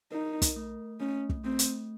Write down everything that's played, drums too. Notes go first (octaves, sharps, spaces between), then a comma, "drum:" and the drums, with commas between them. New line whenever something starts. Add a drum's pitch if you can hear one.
D#4 A#4
drum: kick, hi-hat
A3
A3 C#4
drum: kick
A3 C4
drum: hi-hat